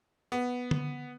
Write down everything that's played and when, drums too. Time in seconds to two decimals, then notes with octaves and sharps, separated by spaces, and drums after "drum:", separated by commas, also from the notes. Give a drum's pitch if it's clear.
0.32 B3
0.71 drum: tom D3